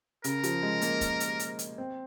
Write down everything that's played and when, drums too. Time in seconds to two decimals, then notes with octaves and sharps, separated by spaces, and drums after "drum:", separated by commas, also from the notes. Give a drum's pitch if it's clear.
0.24 C#3 A#4, drum: hi-hat
0.43 F3, drum: hi-hat
0.63 G#3
0.81 A#3, drum: hi-hat
1.01 drum: kick, hi-hat
1.20 drum: hi-hat
1.39 drum: hi-hat
1.59 drum: hi-hat
1.78 C4